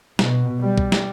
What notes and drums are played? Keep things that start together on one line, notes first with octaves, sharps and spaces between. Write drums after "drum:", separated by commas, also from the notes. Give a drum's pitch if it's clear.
B2, drum: snare
G3
drum: kick
drum: snare